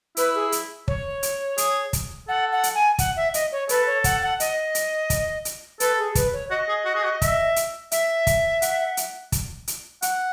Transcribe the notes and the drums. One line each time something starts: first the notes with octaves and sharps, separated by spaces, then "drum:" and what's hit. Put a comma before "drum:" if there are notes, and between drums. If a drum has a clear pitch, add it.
E4 B4, drum: hi-hat
G#4
drum: hi-hat
C#5, drum: kick
drum: hi-hat
G#4, drum: hi-hat
drum: kick, hi-hat
A4 F#5
F#5
drum: hi-hat
G#5
F#5, drum: kick, hi-hat
E5
D#5, drum: hi-hat
C#5
A4 B4, drum: hi-hat
C#5
F#5, drum: kick, hi-hat
F#5
D#5, drum: hi-hat
drum: hi-hat
drum: kick, hi-hat
drum: hi-hat
A4 B4, drum: hi-hat
G#4
B4, drum: kick, hi-hat
C#5
F#4 D#5
G#4
F#4
G#4
F#4
E5, drum: kick, hi-hat
drum: hi-hat
E5, drum: hi-hat
drum: kick, hi-hat
F#5, drum: hi-hat
drum: hi-hat
drum: kick, hi-hat
drum: hi-hat
F#5, drum: hi-hat